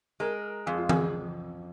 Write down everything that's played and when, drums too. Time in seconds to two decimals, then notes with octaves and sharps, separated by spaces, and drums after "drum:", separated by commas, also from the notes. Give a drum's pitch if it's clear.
0.20 G#3 A#4
0.66 F2 G#4
0.78 F4
0.89 G#4, drum: tom E3